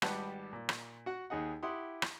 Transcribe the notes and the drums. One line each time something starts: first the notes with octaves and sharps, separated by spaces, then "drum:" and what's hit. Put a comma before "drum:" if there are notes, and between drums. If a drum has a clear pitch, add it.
G#1 G3 G4 B4 F#5 A5, drum: rim click
A#2
drum: rim click
F#4 F#5
D#2 D#4 G#4 D#5 F#5
E4 G4 F#5 C6 D#6
drum: rim click